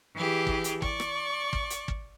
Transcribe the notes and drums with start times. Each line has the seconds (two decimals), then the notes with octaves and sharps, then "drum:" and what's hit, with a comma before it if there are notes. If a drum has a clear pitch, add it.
0.16 E3 G4 G#4
0.47 drum: kick
0.64 drum: hi-hat
0.82 D5 C#6, drum: kick
1.00 drum: rim click
1.53 drum: kick
1.70 drum: hi-hat
1.88 drum: kick